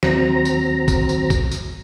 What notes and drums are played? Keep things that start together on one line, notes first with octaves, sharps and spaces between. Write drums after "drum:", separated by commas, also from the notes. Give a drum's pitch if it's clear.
D#2 F#3 C4 A#5, drum: snare
drum: tambourine
drum: kick, tambourine
drum: tambourine
drum: kick, tambourine
drum: tambourine